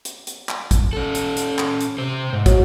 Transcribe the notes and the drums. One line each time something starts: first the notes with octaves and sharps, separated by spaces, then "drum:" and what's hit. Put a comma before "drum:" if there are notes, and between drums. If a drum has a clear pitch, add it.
drum: hi-hat
drum: hi-hat
drum: clap
drum: kick, hi-hat
C#4 A4
drum: hi-hat
drum: hi-hat
drum: clap
drum: hi-hat
C3 C5
G#2
F#4 C#5, drum: kick, hi-hat